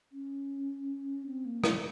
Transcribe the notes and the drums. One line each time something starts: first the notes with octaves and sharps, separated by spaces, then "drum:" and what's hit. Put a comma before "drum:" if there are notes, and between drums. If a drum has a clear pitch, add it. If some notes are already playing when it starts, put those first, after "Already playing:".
C#4
C4
A#3
A3, drum: rim click